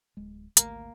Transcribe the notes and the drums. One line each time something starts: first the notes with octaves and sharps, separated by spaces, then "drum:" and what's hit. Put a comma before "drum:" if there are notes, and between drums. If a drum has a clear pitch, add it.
D1 G#3
G#1 D2 A3 A#3, drum: hi-hat